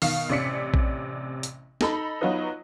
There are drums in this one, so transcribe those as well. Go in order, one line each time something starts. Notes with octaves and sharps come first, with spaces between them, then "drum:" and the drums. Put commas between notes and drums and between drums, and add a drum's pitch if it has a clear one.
B2 D#3 F5 C7, drum: open hi-hat
A1 C3 C#4 D5 B6 C#7
drum: kick A#1
drum: hi-hat
D#4 A4 B5, drum: snare
F#3 B3 D#4 F4 B4 D#5